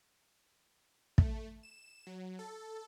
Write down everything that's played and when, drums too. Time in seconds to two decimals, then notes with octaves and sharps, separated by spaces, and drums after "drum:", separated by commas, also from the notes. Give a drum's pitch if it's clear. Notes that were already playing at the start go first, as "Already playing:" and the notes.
1.18 A3, drum: kick
1.63 E7
2.07 F#3
2.39 A4